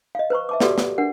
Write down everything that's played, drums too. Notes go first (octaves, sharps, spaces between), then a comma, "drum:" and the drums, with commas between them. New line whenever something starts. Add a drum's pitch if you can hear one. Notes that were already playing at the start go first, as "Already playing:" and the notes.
D#5 F5
B4 C5 A#5 C#6
E5 A5 D6
F#4 G4 A4 B4 D5, drum: snare
drum: snare
D4 A#4 F#5